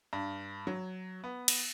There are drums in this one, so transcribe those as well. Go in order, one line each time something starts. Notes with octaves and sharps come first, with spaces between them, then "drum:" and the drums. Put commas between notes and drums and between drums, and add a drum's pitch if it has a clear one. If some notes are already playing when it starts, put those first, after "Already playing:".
G2
F#3
B3
drum: cymbal